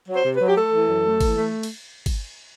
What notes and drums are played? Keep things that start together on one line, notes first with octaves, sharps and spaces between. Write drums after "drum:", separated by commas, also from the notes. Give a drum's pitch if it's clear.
F#3
C5
C3
B4
F#3
G4
A3 A4
E3
F#2
A3
E3, drum: kick G1, cymbal
A3
drum: cymbal
drum: kick G1, cymbal